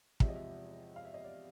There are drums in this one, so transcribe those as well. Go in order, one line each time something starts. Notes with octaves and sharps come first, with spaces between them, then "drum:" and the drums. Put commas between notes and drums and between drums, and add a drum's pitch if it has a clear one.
E2 C3 F3 G#3 E5, drum: kick
D#5
E5
F5
E5
D#5
D5